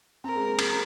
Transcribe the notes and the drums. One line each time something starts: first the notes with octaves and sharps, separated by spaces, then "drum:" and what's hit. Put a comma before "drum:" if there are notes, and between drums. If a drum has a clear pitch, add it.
C4 A#4
G#3
A#3
C4, drum: cymbal